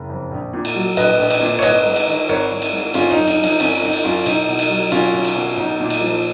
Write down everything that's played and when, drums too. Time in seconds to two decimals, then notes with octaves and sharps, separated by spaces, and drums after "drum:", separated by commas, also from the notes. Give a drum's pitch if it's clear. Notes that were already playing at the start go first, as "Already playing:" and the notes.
Already playing: F#1
0.10 F2
0.32 A#1
0.53 A#2
0.65 drum: cymbal
0.75 F#3
0.97 A#1 B4 D#5, drum: cymbal
1.19 A#1
1.31 drum: cymbal
1.41 A#2
1.59 C#5
1.63 G#1 B4 D#5, drum: cymbal
1.85 G#2
1.96 drum: cymbal
2.07 D#3
2.29 G#1 A#4 C#5
2.51 G#1
2.62 drum: cymbal
2.72 G#2
2.94 G#1 C#4 F4, drum: cymbal
3.11 D#4
3.17 F#2
3.28 D#4, drum: cymbal
3.38 F3
3.44 D#4, drum: cymbal
3.60 G#1 C#4, drum: cymbal
3.82 G#1 D#4
3.93 drum: cymbal
4.04 F#2 C#4 F4
4.26 B1 D#4, drum: cymbal
4.49 B2
4.59 drum: cymbal
4.70 F#3
4.92 B1 C#4 F4, drum: cymbal
5.14 B1
5.25 drum: cymbal
5.36 B2
5.57 B1 D#4
5.80 A#2
5.90 drum: cymbal
6.01 F3